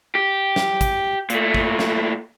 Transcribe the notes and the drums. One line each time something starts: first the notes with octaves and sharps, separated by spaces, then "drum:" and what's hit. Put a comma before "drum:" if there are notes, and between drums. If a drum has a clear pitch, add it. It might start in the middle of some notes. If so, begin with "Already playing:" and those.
G4
drum: snare
drum: kick, hi-hat
A#2 A3, drum: hi-hat
drum: kick
drum: snare